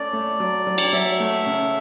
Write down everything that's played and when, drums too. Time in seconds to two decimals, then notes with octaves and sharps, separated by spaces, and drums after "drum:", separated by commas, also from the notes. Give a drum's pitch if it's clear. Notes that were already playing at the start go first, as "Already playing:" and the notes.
Already playing: A3 C#4 D5
0.13 A3
0.40 F#3
0.67 F#3
0.78 drum: cymbal
0.93 F#3 E5
1.20 A3
1.46 C#3